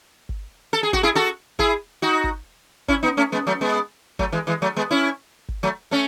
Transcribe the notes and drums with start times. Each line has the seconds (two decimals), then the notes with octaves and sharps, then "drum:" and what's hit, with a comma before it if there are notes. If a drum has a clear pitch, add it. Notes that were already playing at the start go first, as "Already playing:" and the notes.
0.29 drum: kick G#1
0.73 A4
0.83 G#4
0.93 F#4, drum: kick G#1
1.03 E4 G#4
1.15 F#4 A4
1.59 E4 G#4, drum: kick G#1
2.02 D#4 F#4
2.24 drum: kick G#1
2.88 C#4 E4, drum: kick G#1
3.03 B3 D#4
3.17 A3 C#4
3.32 G#3 B3
3.47 F#3 A3
3.61 G#3 B3
4.19 F#3 A3, drum: kick G#1
4.32 E3 G#3
4.47 E3 G#3
4.62 F#3 A3
4.76 G#3 B3
4.91 C#4 E4
5.49 drum: kick G#1
5.63 F#3 A3
5.91 A3 C#4